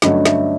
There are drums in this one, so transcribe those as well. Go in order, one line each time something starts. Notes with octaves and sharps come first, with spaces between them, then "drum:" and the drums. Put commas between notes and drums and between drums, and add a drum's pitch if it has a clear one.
G2 D3 F#3 A3 C#4 D#5, drum: snare
E5, drum: snare